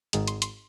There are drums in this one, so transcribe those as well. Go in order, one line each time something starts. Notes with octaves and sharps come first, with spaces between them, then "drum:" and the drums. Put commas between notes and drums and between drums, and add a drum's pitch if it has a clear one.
G#1 G#2 D#3 G#3, drum: hi-hat
C6, drum: hi-hat
C6, drum: hi-hat